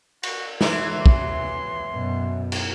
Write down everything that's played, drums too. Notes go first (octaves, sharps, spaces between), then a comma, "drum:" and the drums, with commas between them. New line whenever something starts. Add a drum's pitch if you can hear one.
F#4, drum: cymbal
E3 F#3 B3 C6, drum: snare
drum: kick
F#2 B2
drum: cymbal